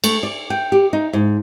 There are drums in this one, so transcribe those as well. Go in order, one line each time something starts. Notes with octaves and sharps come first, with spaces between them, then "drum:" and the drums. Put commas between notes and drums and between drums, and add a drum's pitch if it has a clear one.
A3, drum: cymbal
D5
G5
G4
D#4
G#2